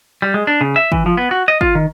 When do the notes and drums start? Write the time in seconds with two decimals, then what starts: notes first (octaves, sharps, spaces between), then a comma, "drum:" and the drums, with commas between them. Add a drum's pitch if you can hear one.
0.22 G3
0.34 G#3
0.47 D4
0.61 C#3
0.76 E5
0.92 E3, drum: kick
1.06 F3
1.17 B3
1.31 F#4
1.48 D#5
1.61 F4, drum: kick
1.75 D#3